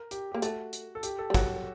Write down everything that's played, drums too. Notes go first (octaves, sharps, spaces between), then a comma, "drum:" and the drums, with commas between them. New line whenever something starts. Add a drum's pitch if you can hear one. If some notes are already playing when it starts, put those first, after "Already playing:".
Already playing: A#4
G4, drum: hi-hat
A#3 G4
A3 F#4, drum: hi-hat
drum: hi-hat
A4
G4, drum: hi-hat
A4
G3
F#3 F#4, drum: kick, hi-hat